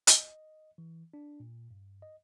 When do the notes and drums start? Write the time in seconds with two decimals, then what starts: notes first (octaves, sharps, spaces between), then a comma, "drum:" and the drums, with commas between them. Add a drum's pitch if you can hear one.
0.07 D#5, drum: hi-hat
0.78 E3
1.14 D4
1.40 A#2
1.71 G2
2.02 D#5